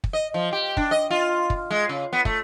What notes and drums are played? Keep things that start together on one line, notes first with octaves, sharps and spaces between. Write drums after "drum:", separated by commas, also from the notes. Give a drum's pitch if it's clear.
drum: kick
D#5
F3
G4
D4, drum: kick
D#5
F4
drum: kick
G#3
C#3
B3
A3, drum: kick